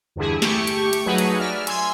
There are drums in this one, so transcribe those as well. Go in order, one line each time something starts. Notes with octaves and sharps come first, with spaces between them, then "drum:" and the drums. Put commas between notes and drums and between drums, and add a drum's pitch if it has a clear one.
E2 G2 D3 E4 G#4
A3 G4 C#6, drum: snare
drum: hi-hat
drum: hi-hat
F#3 A3 D#4 F#4 G#4 B4
drum: hi-hat
D5 E5 F6
G#5 C6 E6 G#6, drum: hi-hat